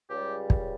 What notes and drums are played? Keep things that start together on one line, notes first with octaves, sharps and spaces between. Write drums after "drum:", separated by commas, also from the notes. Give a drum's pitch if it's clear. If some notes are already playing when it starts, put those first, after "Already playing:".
C#2 C#3 G3 G4
drum: kick